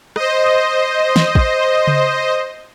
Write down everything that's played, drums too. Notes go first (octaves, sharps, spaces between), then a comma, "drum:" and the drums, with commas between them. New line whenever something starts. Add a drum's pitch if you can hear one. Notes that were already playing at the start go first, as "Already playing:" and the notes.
C5 D#5, drum: rim click
drum: snare
drum: kick
drum: tom C#3